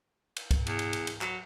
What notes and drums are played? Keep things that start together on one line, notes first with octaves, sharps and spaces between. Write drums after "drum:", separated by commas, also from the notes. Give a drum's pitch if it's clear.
drum: cymbal
drum: kick, cymbal
E2, drum: cymbal
drum: cymbal
drum: cymbal
drum: cymbal
F#3, drum: clap